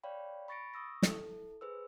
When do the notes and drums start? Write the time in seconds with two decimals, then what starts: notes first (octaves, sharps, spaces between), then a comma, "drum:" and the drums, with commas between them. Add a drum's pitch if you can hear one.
0.04 C#5 D5 F5 G5 B5
0.48 B5 C#6 A6 A#6 C#7 D7
0.74 C#6 D#6 E6 A#6
1.02 E4 A4, drum: snare
1.61 G#4 B4 C5 E6